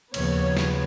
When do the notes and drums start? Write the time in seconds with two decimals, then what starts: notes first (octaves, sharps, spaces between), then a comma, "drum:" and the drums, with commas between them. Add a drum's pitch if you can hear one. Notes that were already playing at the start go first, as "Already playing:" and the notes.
0.14 D#2 C#3 F3 B3 C#5, drum: cymbal
0.57 drum: snare